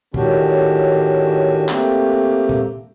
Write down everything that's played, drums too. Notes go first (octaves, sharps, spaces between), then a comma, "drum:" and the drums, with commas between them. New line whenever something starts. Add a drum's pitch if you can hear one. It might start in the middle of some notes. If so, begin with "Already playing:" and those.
A2 D#3 C#4 D4 F#4 G4, drum: tom
A3 A#3 C4 G4, drum: clap
drum: tom